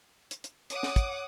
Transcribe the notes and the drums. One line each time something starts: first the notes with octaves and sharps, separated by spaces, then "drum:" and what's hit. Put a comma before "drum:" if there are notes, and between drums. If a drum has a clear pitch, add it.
drum: hi-hat
drum: hi-hat
C#5 F#5 D6 D#6, drum: hi-hat
drum: snare
drum: kick, hi-hat